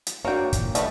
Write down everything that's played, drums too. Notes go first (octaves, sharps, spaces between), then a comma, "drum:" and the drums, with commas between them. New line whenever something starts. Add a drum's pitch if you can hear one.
drum: hi-hat
A#3 D4 F#4 C#5 G5
A#2 E3, drum: kick, hi-hat
G3 A3 B4 C5 D#5, drum: hi-hat